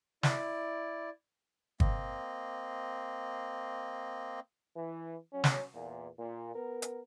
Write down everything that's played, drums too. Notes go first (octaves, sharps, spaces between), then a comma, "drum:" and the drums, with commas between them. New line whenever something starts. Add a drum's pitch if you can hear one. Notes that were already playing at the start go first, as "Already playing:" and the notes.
E4 D5, drum: snare
A#3 C4 D#5, drum: kick
E3
F#3 C#4
drum: snare
E2 A#2
A#2
B3 A#4
drum: hi-hat